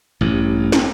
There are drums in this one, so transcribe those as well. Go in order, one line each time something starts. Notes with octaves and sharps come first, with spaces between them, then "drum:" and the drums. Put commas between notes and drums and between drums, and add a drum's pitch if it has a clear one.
A1 G2
drum: snare